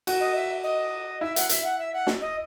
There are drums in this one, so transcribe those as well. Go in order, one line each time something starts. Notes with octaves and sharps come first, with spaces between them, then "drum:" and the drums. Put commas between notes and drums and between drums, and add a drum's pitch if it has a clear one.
F#4, drum: cymbal
D#5
E5
D#5
E4 E5
F#5, drum: hi-hat
E5, drum: hi-hat
F#5
E5
F#5
drum: snare
D#5